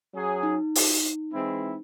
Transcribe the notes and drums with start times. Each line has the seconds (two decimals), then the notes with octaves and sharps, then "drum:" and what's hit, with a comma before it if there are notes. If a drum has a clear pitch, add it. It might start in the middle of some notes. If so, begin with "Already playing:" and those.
0.14 F#3 C#4 G#4
0.43 D#4
0.75 drum: open hi-hat
1.32 E3 G#3 C4 E4